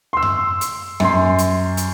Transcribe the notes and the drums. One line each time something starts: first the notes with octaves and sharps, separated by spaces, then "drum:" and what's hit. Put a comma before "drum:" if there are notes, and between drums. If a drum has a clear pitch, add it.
C6 E6
drum: tom F#2
drum: hi-hat
F#2 C6, drum: rim click
drum: hi-hat
drum: hi-hat